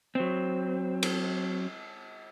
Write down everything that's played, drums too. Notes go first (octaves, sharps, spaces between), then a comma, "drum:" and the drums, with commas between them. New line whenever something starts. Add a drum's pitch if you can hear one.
F#3 C4
drum: cymbal